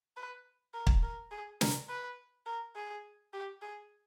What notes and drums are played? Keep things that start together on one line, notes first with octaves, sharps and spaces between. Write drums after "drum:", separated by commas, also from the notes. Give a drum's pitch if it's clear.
B4
A#4
drum: kick
A#4
G#4
A#4, drum: snare
B4
A#4
G#4
G4
G#4